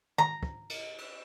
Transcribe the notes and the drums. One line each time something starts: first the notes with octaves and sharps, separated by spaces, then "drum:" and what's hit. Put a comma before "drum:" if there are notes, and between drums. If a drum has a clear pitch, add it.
A#5, drum: tom
drum: kick
drum: cymbal
drum: cymbal